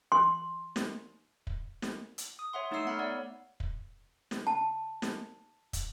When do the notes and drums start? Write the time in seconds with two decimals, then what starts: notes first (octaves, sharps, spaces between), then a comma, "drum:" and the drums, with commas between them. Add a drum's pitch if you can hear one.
0.12 C6
0.76 drum: snare
1.47 drum: kick
1.82 drum: snare
2.18 drum: hi-hat
2.39 D#6
2.53 C#5 E5 F#5 C6
2.71 A3 D#4 C#5 E5 E6 C7
2.85 A3 B3 F#5 B5 F6
2.99 C#5 D5 F#5
3.60 drum: kick
4.31 drum: snare
4.47 A5
5.02 drum: snare
5.73 drum: kick, hi-hat